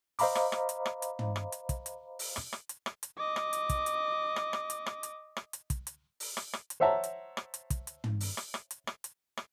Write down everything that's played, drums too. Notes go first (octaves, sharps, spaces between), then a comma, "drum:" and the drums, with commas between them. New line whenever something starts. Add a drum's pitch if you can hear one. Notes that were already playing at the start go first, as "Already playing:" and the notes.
C5 D#5 F5 A#5 B5 D6, drum: open hi-hat
drum: rim click
drum: rim click
drum: hi-hat
drum: rim click
drum: hi-hat
drum: tom
drum: rim click
drum: hi-hat
drum: kick, hi-hat
drum: hi-hat
drum: open hi-hat
drum: rim click
drum: rim click
drum: hi-hat
drum: rim click
drum: hi-hat
D#5 D6
drum: rim click
drum: hi-hat
drum: kick, hi-hat
drum: hi-hat
drum: rim click
drum: rim click
drum: hi-hat
drum: rim click
drum: hi-hat
drum: rim click
drum: hi-hat
drum: kick, hi-hat
drum: hi-hat
drum: open hi-hat
drum: rim click
drum: rim click
drum: hi-hat
C5 C#5 E5 F#5 A5 A#5
drum: hi-hat
drum: rim click
drum: hi-hat
drum: kick, hi-hat
drum: hi-hat
drum: tom
drum: open hi-hat
drum: rim click
drum: rim click
drum: hi-hat
drum: rim click
drum: hi-hat
drum: rim click